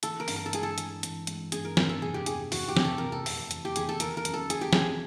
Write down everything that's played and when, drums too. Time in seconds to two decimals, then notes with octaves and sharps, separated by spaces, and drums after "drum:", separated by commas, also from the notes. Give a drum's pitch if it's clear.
0.03 E3 A4, drum: hi-hat
0.20 A#4
0.28 G2, drum: open hi-hat
0.36 A#4
0.46 A4
0.53 G#3 G#4, drum: hi-hat
0.63 A4
0.78 E3, drum: hi-hat
1.03 E3, drum: hi-hat
1.27 G#3, drum: hi-hat
1.52 G2 G#4, drum: hi-hat
1.65 A#4
1.77 G2 A#4, drum: snare
1.89 A4
2.02 F1 G#4
2.14 G4
2.26 E2 G#4, drum: hi-hat
2.52 E2 F#4, drum: open hi-hat
2.68 G4
2.77 F1, drum: snare
2.85 A4
2.98 C3 A#4
3.12 A4
3.26 F1, drum: open hi-hat
3.51 E3, drum: hi-hat
3.65 G4
3.76 E2 G#4, drum: hi-hat
3.89 A4
4.00 D#3 A#4, drum: hi-hat
4.17 A#4
4.25 F#2, drum: hi-hat
4.34 A4
4.50 D#3 G#4, drum: hi-hat
4.61 G4
4.73 F#3 G#4, drum: snare